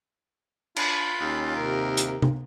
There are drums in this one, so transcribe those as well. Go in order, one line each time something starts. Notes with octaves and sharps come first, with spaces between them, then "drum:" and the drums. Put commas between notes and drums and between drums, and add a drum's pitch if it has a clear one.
D4 F4 B5, drum: cymbal
D#2 C#4
C3 A#4
drum: hi-hat
drum: tom C3